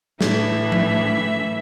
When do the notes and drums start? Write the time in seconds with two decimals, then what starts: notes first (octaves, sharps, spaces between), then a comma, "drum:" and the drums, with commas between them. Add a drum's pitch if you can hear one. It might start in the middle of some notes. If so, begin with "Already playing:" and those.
0.21 A2 E3 E5, drum: snare
0.72 drum: tom F3